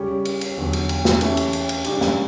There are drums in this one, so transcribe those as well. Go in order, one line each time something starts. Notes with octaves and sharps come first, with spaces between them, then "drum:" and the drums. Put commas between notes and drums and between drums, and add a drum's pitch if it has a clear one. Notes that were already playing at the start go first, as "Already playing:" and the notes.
Already playing: C#3 G3 C#4 G4
drum: cymbal
drum: cymbal
E2 D3 F#3
drum: cymbal
drum: cymbal
drum: snare
C#3 E3 A3 C#4 G4, drum: cymbal
drum: cymbal
drum: cymbal
drum: cymbal
C#3 G3 D4 G4, drum: cymbal
drum: snare